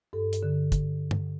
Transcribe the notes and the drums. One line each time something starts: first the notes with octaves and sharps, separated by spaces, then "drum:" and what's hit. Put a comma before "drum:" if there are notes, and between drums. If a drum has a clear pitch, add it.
G2 A4
drum: hi-hat
D3
drum: kick, hi-hat
drum: tom G2